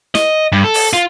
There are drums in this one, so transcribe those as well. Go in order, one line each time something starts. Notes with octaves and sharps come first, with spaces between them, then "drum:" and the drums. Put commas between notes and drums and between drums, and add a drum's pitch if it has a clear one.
D#5, drum: snare
G2
A4
drum: open hi-hat
F4